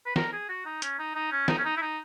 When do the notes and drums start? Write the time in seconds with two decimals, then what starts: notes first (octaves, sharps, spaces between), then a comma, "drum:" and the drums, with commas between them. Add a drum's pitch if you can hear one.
0.06 B4
0.16 A#4, drum: snare
0.33 G#4
0.49 F#4
0.65 D#4
0.82 C#4, drum: hi-hat
0.99 D#4
1.15 D#4
1.31 C#4
1.48 D#4, drum: snare
1.58 C#4
1.64 D#4
1.77 E4
1.81 D#4